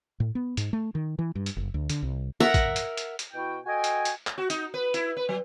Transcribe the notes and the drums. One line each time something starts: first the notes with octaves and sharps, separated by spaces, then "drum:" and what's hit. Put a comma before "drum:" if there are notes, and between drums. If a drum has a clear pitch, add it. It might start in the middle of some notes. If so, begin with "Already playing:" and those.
A2
B3
G#2, drum: hi-hat
A3
D#3
E3
G2
drum: hi-hat
F#1
D2
D3, drum: hi-hat
C2
A#4 E5 F#5 A#5
drum: kick, hi-hat
drum: hi-hat
drum: hi-hat
drum: hi-hat
B2 E4 F#4 G5
F#4 A4 D#5 G5 G#5
drum: hi-hat
drum: hi-hat
drum: clap
F#4
D#4, drum: hi-hat
B4
E4, drum: hi-hat
B4
F#3